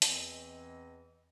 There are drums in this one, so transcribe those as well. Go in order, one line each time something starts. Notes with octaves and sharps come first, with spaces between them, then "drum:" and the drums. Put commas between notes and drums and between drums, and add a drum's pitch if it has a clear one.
E2 E3 C4 D#5, drum: hi-hat